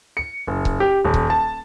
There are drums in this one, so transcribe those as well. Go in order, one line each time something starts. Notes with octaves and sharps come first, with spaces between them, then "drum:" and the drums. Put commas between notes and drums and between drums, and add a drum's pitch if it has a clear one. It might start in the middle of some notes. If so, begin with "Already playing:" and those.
C#7
F#1
drum: kick C#1
G4
D#1
drum: kick C#1
A5